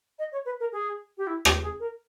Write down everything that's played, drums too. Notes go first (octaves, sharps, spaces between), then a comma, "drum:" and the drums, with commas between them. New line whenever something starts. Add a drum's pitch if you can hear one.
D#5
C#5
B4
A#4
G#4
G4
E4
G4, drum: rim click
G#4
A#4